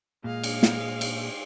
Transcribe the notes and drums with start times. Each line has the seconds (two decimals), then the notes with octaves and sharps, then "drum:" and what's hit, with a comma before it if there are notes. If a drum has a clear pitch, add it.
0.24 A#2 G#3 F5
0.44 drum: cymbal
0.63 drum: snare
1.01 drum: cymbal